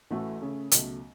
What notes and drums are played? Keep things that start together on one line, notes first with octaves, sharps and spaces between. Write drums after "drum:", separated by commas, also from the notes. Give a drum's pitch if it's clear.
A1 A2 E3 A3 F#4
C#3 A3 C#4 A4
C#2 B2 F#3 A3, drum: hi-hat